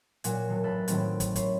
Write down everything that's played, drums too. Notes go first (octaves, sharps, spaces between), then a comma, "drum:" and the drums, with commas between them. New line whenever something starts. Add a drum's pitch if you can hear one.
A#2 F#3 F#4, drum: hi-hat
D#1 B2 F#3
A1 G2 A4 B5 F#6
A2 D#3 F#3 A3 C4, drum: hi-hat
drum: kick, hi-hat
C5 C#5 B5, drum: kick, hi-hat